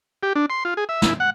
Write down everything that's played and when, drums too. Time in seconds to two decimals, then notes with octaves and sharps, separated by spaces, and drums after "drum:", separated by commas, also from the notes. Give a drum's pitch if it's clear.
0.23 G4
0.35 D4
0.50 C6
0.65 F4
0.77 G#4
0.89 E5
1.02 E4, drum: snare
1.20 F#5